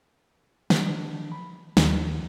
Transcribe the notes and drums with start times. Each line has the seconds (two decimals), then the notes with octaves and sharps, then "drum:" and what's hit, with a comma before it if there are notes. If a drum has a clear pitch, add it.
0.70 D3 D#3 F3, drum: snare
1.32 B5
1.77 D#2 F3, drum: snare